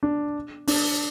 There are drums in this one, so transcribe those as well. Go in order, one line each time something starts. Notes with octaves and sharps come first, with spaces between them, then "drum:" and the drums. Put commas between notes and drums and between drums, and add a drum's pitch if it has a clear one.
D4
D4, drum: open hi-hat